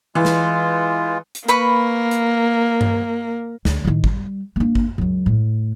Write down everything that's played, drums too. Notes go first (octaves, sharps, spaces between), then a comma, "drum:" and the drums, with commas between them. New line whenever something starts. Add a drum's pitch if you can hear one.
E3 G#3 F4
drum: snare
drum: hi-hat
A#3 B4 B5 C#6
drum: hi-hat
drum: tom G2
D2, drum: snare
A1 D#3
G3, drum: kick G#1
A#3 D4
drum: kick G#1
C#2 F#2
A2